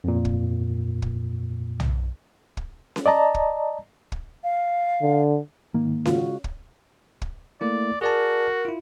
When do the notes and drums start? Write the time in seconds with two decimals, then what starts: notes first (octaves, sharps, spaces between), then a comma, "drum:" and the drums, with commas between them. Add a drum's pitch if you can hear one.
0.04 F2 A#2
0.25 drum: kick
1.02 drum: kick
1.80 drum: tom
2.57 drum: kick
2.96 drum: snare C#4
3.06 D5 D#5 A5 A#5
3.35 drum: kick
4.12 drum: kick
4.44 F5
5.02 D3
5.74 G#2 D#3 A#3
6.05 C#3 G#3 F4 F#4, drum: snare C#4
6.44 drum: kick
7.22 drum: kick
7.61 A3 A#3 E4 D5
8.01 F#4 G#4 A#4 D5 A5
8.65 E4 F4